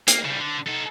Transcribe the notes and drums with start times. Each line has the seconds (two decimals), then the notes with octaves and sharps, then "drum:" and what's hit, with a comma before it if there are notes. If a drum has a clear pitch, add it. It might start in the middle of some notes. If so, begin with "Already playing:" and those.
0.08 A#3, drum: hi-hat
0.25 C#3 G3
0.39 D3
0.67 D#4 A4